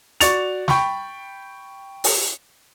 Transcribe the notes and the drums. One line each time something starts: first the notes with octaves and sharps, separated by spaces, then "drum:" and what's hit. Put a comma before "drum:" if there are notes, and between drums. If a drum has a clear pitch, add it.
F#4 D5 C#6 A6 C#7 F7, drum: hi-hat
G5 B5 C#6, drum: snare
drum: open hi-hat